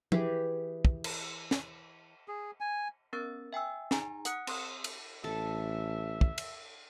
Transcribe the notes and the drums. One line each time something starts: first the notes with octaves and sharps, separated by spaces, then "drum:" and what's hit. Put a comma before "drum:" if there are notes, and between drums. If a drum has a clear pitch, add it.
E3 G4 G#4, drum: tom
drum: kick
drum: cymbal
drum: snare
G#4
G#5
B3 C#4 A#4 E6 A6
E5 G5 G#5 E6
D#4 G#4 G#5 A#5, drum: snare
F#5 D#6 F#6 C#7, drum: hi-hat
C4 C6 D#6, drum: cymbal
drum: cymbal
A1 A4 E5
drum: kick
drum: cymbal